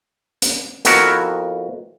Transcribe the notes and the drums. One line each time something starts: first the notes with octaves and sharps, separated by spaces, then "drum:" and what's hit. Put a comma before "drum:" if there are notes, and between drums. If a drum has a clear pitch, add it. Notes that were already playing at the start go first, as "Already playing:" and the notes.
drum: hi-hat
F2 B3 E4 F#4 A#4, drum: hi-hat